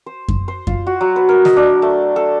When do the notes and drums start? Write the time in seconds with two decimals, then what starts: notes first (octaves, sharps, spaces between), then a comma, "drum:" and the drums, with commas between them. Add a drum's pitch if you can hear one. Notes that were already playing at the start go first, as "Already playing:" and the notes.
0.06 C5
0.28 drum: kick F#2
0.48 C5
0.67 F4, drum: kick F#2
0.87 F#4
1.01 F#3
1.16 B4
1.29 A#4
1.45 D#5, drum: snare
1.56 D4
1.82 A3
2.16 A4